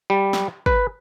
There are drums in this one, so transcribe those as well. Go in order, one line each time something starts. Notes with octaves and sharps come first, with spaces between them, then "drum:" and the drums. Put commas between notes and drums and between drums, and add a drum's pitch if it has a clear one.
G3
drum: snare
B4, drum: kick